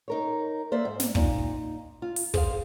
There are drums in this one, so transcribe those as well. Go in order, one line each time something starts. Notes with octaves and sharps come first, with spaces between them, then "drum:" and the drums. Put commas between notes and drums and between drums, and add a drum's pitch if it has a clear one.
D#4 A#4 C#5
A#3 C5 D5 E5
G#2
drum: snare
A#2 D#4, drum: kick
F4
drum: open hi-hat
G#4 C5 D#5 F5, drum: kick